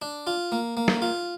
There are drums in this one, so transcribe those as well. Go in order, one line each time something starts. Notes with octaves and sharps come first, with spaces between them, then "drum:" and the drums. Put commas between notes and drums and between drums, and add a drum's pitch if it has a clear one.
D4
F4
A#3
A#3
drum: snare
F4